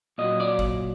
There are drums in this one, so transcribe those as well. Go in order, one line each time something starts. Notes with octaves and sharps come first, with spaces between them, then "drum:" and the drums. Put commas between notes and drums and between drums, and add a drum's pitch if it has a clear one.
A#2 F#3 D#5
D5
drum: kick